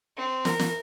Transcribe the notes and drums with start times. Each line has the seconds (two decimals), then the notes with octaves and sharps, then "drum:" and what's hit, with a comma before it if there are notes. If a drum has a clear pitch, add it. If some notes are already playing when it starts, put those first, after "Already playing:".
0.17 C4
0.45 A#4, drum: snare
0.59 drum: snare